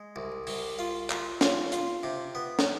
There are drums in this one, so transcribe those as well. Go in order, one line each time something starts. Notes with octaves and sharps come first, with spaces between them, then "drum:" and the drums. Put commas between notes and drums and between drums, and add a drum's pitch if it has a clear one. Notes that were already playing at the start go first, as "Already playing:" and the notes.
Already playing: G#3
C2
C2, drum: open hi-hat
F4
F4, drum: clap
F4, drum: snare
F4, drum: hi-hat
C3
B3
drum: snare